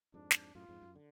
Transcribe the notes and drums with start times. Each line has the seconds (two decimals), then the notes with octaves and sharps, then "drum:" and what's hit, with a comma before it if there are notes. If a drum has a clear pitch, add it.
0.14 F2 G#2 D4
0.31 drum: snare
0.55 F#2 A2 F4
0.69 F2 G#2
0.82 F#2
0.95 D3